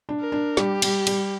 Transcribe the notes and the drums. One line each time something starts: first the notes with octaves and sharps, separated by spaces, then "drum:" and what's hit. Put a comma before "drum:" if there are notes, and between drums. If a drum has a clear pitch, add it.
D4
A#4
D4
G3 G4, drum: snare
G3, drum: cymbal
G3, drum: cymbal